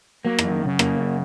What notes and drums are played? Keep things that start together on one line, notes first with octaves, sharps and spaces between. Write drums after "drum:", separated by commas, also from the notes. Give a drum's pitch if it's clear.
F#3 A#3
F#2 E3, drum: rim click
D#3
F#2 C#3
A#3, drum: rim click
F#2